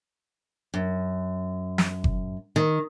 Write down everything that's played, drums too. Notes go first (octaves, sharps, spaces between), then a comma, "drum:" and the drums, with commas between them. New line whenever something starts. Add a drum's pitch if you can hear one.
F#2
drum: snare
drum: kick F#1
D#3